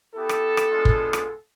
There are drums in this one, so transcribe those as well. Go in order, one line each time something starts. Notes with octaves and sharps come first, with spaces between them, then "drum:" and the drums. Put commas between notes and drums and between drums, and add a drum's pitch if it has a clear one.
B3 E4 G4 A4
drum: rim click
drum: rim click
G#3 B3 D4 F4
drum: kick
drum: rim click